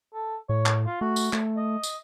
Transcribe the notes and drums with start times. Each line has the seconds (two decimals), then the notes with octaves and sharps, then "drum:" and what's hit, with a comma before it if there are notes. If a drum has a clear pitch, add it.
0.14 A4
0.49 A2 C#5
0.66 drum: clap
0.86 F4
1.01 A3 F#4
1.16 drum: tambourine
1.33 A3, drum: clap
1.57 D#5
1.83 drum: tambourine